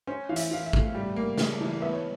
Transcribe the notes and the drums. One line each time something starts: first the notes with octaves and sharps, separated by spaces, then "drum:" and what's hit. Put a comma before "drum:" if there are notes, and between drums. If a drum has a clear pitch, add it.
C#4 C5
E3 F5
E5, drum: hi-hat
E3 F5
E5
A3, drum: kick
G3
A#3
C#3, drum: snare
E3
B3 E5
C#5